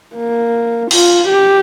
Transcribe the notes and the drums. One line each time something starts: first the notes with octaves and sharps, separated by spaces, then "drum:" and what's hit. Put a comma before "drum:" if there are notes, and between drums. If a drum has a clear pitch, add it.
A#3
F4, drum: cymbal
G4